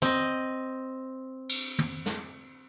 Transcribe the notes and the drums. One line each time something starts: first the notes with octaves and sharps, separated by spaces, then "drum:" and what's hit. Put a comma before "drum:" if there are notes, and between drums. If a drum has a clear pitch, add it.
C4 D#5, drum: tom
drum: cymbal
drum: tom
drum: snare